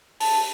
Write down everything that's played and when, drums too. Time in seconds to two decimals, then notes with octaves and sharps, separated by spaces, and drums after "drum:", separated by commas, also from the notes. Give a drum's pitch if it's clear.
0.20 A5, drum: open hi-hat